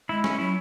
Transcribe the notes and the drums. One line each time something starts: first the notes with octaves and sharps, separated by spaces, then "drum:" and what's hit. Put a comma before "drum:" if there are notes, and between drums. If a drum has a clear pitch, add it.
G#3 E4
C#4, drum: snare
G#3
F#3 E4